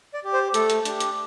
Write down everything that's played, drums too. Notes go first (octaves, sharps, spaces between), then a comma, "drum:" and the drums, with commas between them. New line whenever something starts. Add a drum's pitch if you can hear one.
D5
G4
C5
A3 A4, drum: hi-hat
drum: hi-hat
D4 G4, drum: hi-hat
drum: hi-hat